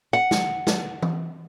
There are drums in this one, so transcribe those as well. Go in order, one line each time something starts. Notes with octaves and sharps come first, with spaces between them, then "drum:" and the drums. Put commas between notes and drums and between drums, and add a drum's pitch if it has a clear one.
F#5
drum: snare
drum: snare
drum: tom E3